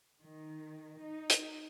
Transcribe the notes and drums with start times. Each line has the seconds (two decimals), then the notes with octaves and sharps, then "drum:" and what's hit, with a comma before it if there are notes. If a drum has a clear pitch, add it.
0.22 D#3
1.01 D#4
1.30 drum: hi-hat